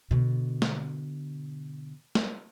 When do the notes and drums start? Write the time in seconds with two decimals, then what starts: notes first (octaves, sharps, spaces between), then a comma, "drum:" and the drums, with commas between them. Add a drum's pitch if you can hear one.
0.11 B2 D3
0.62 drum: snare
2.15 drum: snare